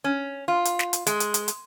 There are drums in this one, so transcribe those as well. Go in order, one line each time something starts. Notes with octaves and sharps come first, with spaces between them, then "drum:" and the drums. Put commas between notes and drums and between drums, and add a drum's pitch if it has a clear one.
C#4
F4
drum: hi-hat
drum: snare
drum: hi-hat
G#3, drum: hi-hat
drum: hi-hat
drum: hi-hat
drum: hi-hat